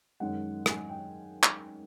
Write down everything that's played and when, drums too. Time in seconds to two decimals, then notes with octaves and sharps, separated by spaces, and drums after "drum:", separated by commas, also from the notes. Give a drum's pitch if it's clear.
0.20 F#2 D#3 G#3 C#4 F#5
0.66 G#5, drum: rim click
0.89 G5
1.43 drum: clap